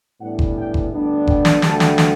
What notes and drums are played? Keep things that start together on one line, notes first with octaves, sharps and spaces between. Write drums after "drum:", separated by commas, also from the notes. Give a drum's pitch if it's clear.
A2 E3 G3 B3 D4 F#5
drum: kick F#1
G5
drum: kick F#1
D2 D3 G3 B3 D4
G5, drum: kick F#1
drum: snare
D2 D3 G3 A5, drum: snare
drum: snare
drum: snare